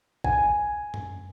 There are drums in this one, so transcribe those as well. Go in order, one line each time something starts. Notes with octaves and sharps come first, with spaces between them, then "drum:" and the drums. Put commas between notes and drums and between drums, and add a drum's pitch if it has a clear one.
G#5, drum: kick A1
drum: tom F#2